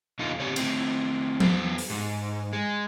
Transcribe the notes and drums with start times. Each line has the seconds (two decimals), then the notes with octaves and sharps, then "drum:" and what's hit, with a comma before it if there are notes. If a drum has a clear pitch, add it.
0.19 F2 B2 D3 D#4 F4
0.39 C#3 C4 G4 C#5 D5
0.56 A2 C4, drum: cymbal
1.40 E2 B3 A4 C5, drum: tom F3
1.78 drum: open hi-hat
1.90 G#2
2.53 G#3